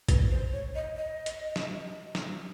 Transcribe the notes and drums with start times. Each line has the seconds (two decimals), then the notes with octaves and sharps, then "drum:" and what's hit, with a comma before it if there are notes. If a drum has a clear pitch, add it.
0.09 B4, drum: kick, hi-hat
0.31 C5
0.53 C#5
0.75 D#5
0.97 D#5
1.26 drum: hi-hat
1.56 drum: snare
2.15 drum: snare